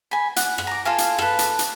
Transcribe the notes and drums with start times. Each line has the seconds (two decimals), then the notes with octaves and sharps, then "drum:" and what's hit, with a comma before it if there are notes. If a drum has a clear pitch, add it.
0.11 G#5 B5
0.36 F#5, drum: hi-hat
0.58 drum: rim click
0.67 A#5 D6
0.85 F4 A4 F5 G#5
0.98 drum: hi-hat
1.18 A4 B4, drum: rim click
1.39 drum: hi-hat
1.59 drum: hi-hat